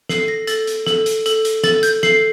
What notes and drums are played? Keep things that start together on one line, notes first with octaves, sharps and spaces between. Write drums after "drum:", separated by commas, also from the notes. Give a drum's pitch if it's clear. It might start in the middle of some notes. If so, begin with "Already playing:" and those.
A4 C7, drum: snare
A#6
A4 A6, drum: hi-hat
drum: hi-hat
A4, drum: snare
drum: hi-hat
A4, drum: hi-hat
drum: hi-hat
A4 A6, drum: snare
G6, drum: hi-hat
A4 C7, drum: snare